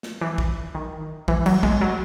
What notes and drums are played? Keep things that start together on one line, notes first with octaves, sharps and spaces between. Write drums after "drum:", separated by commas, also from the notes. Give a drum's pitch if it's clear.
drum: snare
E3
drum: kick
D#3
E3, drum: kick
F#3, drum: cymbal
G#3, drum: kick
F#3